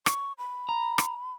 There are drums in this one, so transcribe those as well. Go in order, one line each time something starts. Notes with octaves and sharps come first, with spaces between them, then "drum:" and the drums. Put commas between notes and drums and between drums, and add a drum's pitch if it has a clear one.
C#6, drum: rim click
B5
A#5
drum: rim click